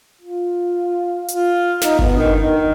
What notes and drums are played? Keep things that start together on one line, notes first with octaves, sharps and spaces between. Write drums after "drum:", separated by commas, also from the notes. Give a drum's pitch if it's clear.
F4
F4, drum: hi-hat
D#4, drum: snare
B3, drum: kick G1
D#3, drum: tom D4
D#3